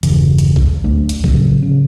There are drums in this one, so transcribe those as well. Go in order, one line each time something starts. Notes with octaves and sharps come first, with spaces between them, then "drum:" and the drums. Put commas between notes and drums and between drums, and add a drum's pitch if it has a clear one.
E1 G2 C#3 E3, drum: hi-hat
drum: hi-hat
drum: kick A1
D1 D2 A3 D4
drum: hi-hat
A2 C#3 F#3, drum: kick A1
C#3